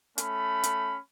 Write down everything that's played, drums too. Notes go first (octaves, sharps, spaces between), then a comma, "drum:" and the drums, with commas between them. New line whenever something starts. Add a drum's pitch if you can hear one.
A3 C#4 B5, drum: hi-hat
drum: hi-hat